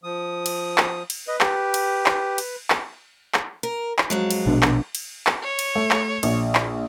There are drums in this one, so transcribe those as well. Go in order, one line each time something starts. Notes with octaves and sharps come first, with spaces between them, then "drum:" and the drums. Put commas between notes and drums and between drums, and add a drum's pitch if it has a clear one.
F3 D#6
drum: cymbal
drum: clap
drum: cymbal
B4 D#5
G4, drum: clap
drum: cymbal
drum: clap
drum: cymbal
drum: clap
drum: clap
A#4
drum: clap
F2 F#3 G#3
drum: cymbal
A#1 B2 D4
drum: clap
drum: cymbal
drum: clap
C#5
drum: cymbal
A3
drum: clap
A#1, drum: cymbal
drum: clap